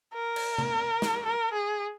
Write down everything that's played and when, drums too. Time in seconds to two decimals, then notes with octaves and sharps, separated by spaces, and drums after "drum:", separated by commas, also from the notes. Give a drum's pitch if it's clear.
0.13 A#4
0.36 drum: cymbal
0.58 drum: tom C3
1.02 drum: snare
1.26 A#4
1.53 G#4